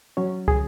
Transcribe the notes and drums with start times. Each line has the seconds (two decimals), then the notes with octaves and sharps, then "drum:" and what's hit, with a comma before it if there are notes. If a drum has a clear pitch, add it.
0.17 F#3 C#4 C#5
0.48 G#4, drum: kick